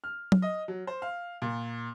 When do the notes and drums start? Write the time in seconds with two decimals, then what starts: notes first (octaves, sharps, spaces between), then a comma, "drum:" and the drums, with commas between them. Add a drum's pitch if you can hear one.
0.04 F6
0.32 drum: tom F#3
0.42 D#5
0.68 F#3
0.87 C5
1.02 F5
1.42 A#2